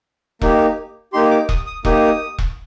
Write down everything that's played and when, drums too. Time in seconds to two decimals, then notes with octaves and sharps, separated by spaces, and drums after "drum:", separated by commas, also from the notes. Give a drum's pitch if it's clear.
0.41 A#3 D#4 G4, drum: kick E1
1.13 A#3 D#4 G4 C6
1.31 D6
1.49 D#6, drum: kick E1
1.66 D#6
1.85 A#3 D#4 G4 D#6, drum: kick E1
2.38 drum: kick E1